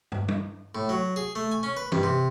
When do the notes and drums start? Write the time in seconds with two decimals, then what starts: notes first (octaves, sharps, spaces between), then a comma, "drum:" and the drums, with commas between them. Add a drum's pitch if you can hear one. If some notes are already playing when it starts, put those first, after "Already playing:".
0.12 drum: tom
0.28 drum: tom
0.75 A2
0.89 F#3
1.16 G#4
1.35 A3
1.51 G#5
1.63 C#4
1.77 B4
1.92 G2, drum: tom
2.03 C3